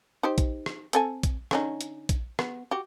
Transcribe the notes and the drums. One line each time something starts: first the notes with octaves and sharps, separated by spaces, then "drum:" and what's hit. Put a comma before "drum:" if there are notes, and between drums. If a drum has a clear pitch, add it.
D#4 G4 C5
drum: kick A#1, hi-hat
drum: rim click
C4 A4 G#5, drum: hi-hat
drum: kick A#1, hi-hat
D3 C#4 D#4, drum: rim click
drum: hi-hat
drum: kick A#1, hi-hat
B3, drum: rim click
F#4 G4